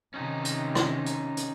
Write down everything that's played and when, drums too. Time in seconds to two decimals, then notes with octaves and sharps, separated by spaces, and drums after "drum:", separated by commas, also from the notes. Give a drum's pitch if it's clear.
0.14 C3 D#3 C#4 D#4
0.45 drum: hi-hat
0.75 drum: rim click
1.06 drum: hi-hat
1.37 drum: hi-hat